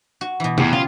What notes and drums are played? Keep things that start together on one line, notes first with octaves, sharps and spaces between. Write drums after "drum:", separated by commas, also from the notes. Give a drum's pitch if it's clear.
F#4
B2 E3
E2 G4, drum: tom
C#3 F4